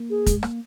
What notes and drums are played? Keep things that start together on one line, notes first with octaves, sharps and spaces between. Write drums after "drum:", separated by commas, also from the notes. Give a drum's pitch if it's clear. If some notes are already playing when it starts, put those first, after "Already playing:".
Already playing: A#3
G#4
G#3, drum: kick, hi-hat
A#3, drum: rim click